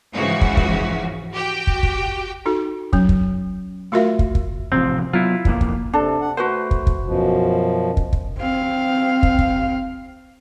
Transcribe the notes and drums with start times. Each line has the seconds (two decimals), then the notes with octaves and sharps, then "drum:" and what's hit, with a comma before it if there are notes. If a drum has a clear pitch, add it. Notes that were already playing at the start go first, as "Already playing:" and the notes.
0.14 G#2 C#3 E3 F3 F#4
0.41 drum: kick
0.57 drum: kick
1.34 F#4 G4 G5
1.67 drum: kick
1.83 drum: kick
2.46 D#4 F#4 A4
2.93 F#3 C#4, drum: kick
3.09 drum: kick
3.92 A3 F4 F#4 A#4 E5 F5
4.19 drum: kick
4.35 drum: kick
4.72 A1 C3 F3 C4
5.13 F#3 B3 E4 F4
5.45 E1 F2 A#3, drum: kick
5.61 drum: kick
5.94 C3 D4 A4
6.21 F#5
6.37 A3 F#4 B4 C5
6.71 drum: kick
6.87 drum: kick
7.04 F#2 B2 F3
7.97 drum: kick
8.13 drum: kick
8.37 C4 F5
9.23 drum: kick
9.38 drum: kick